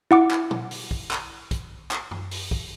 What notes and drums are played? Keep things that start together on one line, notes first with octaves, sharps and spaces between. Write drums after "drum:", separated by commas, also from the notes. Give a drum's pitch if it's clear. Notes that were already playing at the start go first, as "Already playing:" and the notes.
E4 F#5 D6
drum: clap
drum: tom
drum: open hi-hat
drum: kick
drum: clap
drum: kick, hi-hat
drum: clap
drum: tom F#2
drum: open hi-hat
drum: kick